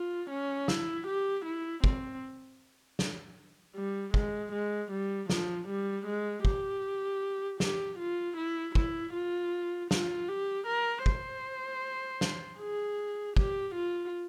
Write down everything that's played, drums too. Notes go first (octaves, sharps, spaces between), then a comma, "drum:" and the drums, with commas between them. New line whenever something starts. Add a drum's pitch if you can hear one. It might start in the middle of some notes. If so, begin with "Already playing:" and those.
Already playing: F4
C#4
E4, drum: snare
G4
E4
C4, drum: kick
drum: snare
G3
G#3, drum: kick
G#3
G3
F3, drum: snare
G3
G#3
G4, drum: kick
G4, drum: snare
F4
E4
E4, drum: kick
F4
F4, drum: snare
G4
A#4
C5, drum: kick
drum: snare
G#4
G4, drum: kick
F4